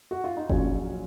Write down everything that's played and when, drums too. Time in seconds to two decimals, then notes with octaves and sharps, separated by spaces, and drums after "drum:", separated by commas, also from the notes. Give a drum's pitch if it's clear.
0.11 F#4
0.24 F4
0.37 D#4
0.49 A#1 A#2 F#3 C#4, drum: kick F#1